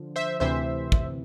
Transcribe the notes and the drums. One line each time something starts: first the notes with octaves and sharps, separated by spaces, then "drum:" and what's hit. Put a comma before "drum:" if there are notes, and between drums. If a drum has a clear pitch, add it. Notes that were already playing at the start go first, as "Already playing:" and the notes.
Already playing: D3 F3
C5 E5
D2 C3 E3 C5 E5
drum: kick